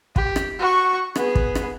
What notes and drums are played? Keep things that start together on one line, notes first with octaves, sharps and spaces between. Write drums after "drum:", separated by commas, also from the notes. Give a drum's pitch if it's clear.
G4, drum: kick
drum: rim click
F#4 C#6
B3 G#4, drum: rim click
drum: kick
drum: rim click